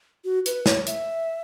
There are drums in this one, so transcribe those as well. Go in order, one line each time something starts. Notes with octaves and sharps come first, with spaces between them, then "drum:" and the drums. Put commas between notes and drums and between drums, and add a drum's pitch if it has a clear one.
F#4
B4, drum: hi-hat
C#5, drum: snare
E5, drum: hi-hat